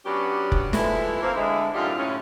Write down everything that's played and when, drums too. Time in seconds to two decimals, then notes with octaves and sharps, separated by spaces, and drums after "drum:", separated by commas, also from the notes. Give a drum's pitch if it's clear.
0.05 F#3 B3 C#4 D4 F#4 G4
0.52 drum: kick F1
0.73 F3 G#3 A3 E4 A4 B4, drum: snare
1.22 A#3 C4
1.36 D3 G#3 E4
1.74 F#2 A2 D4 D#4 F4 G4
1.97 A2 C#4